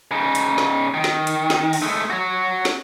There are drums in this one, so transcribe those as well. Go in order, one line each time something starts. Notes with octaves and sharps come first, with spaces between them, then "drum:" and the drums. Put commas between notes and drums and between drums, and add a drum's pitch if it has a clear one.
C#3 D#4
drum: hi-hat
drum: snare
D#3
drum: snare
drum: hi-hat
drum: snare
drum: open hi-hat
G#3 A3
F#4 C#5
drum: snare